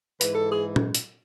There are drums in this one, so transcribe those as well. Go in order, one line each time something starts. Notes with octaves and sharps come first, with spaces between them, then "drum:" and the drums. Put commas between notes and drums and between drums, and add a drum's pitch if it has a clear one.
G#2 E3 B4, drum: hi-hat
A4
G#4
drum: tom
drum: hi-hat